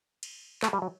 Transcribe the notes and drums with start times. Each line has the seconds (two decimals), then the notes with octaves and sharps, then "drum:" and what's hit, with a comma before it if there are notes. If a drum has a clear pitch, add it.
0.23 drum: cymbal
0.63 A3, drum: clap
0.73 G3
0.82 F#3